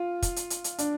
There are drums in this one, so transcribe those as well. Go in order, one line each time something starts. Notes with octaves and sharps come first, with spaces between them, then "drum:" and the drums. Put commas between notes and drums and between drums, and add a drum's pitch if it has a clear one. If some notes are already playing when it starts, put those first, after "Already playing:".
Already playing: F4
drum: kick, hi-hat
drum: hi-hat
drum: hi-hat
drum: hi-hat
D4, drum: hi-hat